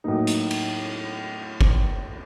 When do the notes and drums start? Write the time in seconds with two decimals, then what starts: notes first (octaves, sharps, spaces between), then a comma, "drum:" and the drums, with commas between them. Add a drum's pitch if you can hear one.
0.04 A2 F#3 A#3 D#4
0.27 drum: hi-hat
0.51 drum: cymbal
1.61 drum: kick